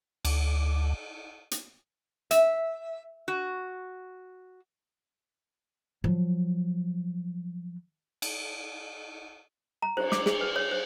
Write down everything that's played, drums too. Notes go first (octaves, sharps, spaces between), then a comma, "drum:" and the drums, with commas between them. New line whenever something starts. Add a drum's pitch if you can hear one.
D2, drum: cymbal
drum: hi-hat
E5, drum: hi-hat
F#4
F3 F#3
drum: cymbal
A#5
C5, drum: cymbal
D6, drum: snare
G#4, drum: snare
B4
C#5
C5